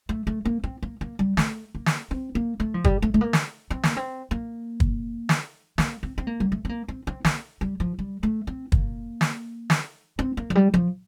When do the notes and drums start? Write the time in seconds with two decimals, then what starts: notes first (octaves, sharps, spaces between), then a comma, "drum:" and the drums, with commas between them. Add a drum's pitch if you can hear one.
0.09 A3
0.27 A3
0.45 A#3
0.64 C4
0.83 A#3
1.01 A#3
1.19 G3
1.37 A3, drum: snare
1.75 A#3
1.86 drum: snare
2.11 C4
2.35 A#3
2.60 A3
2.74 F3
2.84 G3, drum: kick
3.02 A3
3.14 A3
3.21 A#3
3.33 drum: snare
3.70 C4
3.83 A#3, drum: snare
3.97 C4
4.31 A#3
4.80 drum: kick
5.29 drum: snare
5.78 A#3, drum: snare
6.03 C4
6.18 C4
6.27 A#3
6.40 G3
6.52 A3
6.65 C4
6.69 A#3
6.88 C4
7.07 C4
7.25 A#3, drum: snare
7.61 G3
7.80 F3
7.99 G3
8.23 A3
8.47 C4
8.72 A#3, drum: kick
9.21 drum: snare
9.70 drum: snare
10.19 C4
10.37 A#3
10.50 F3
10.55 G3
10.74 F3